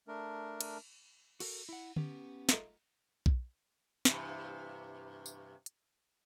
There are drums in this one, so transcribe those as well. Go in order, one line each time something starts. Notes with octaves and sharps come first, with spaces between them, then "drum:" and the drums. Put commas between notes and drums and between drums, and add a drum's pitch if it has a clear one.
A3 D4 A#4
drum: cymbal
F#4 A4 A#4, drum: cymbal
E4 F#5
B3 C#4 G4, drum: tom D3
A3 D#4 F4, drum: snare
drum: kick B1
G2 C3 E3, drum: snare
drum: tambourine
drum: hi-hat